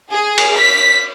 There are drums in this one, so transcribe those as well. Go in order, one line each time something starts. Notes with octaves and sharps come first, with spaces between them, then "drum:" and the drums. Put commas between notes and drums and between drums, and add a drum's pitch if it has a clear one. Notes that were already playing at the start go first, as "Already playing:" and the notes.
G#4
drum: cymbal
B6